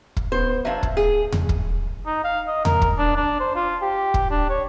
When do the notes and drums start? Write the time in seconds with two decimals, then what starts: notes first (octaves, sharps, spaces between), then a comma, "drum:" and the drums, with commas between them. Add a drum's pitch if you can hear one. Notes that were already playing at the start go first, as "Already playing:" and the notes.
0.17 drum: kick
0.32 B3 C5
0.65 F#3 D4 E5 F5
0.83 drum: kick
0.97 G#4
1.32 drum: tom E2
1.49 drum: kick
2.07 D#4
2.24 F5
2.47 D#5
2.65 A#4, drum: tom E2
2.82 drum: kick
2.98 D4
3.16 D4
3.40 C5
3.55 F4
3.82 G4
4.14 drum: kick
4.30 D4
4.49 C#5